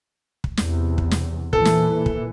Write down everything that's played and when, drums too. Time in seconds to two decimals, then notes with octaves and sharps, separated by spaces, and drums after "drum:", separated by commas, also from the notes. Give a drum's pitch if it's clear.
0.44 drum: kick
0.57 E2 C3, drum: snare
0.98 drum: kick
1.11 drum: snare
1.53 A#2 E3 A4, drum: kick
1.65 drum: snare
2.06 drum: kick